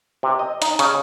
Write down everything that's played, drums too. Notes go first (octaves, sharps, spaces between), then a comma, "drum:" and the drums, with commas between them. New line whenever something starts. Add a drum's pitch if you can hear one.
C3
D#5
D#4, drum: hi-hat
C#3, drum: hi-hat